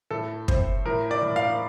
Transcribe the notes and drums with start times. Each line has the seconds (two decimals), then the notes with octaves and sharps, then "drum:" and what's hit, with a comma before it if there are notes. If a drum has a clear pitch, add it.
0.11 A2 A4
0.48 C4 C5, drum: kick
0.85 A2 A#4
1.11 D5
1.23 A2
1.36 F5